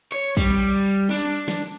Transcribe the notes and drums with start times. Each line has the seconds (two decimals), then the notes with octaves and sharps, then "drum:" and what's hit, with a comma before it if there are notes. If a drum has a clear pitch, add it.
0.12 C#5
0.37 G3, drum: kick
1.11 D4
1.48 drum: snare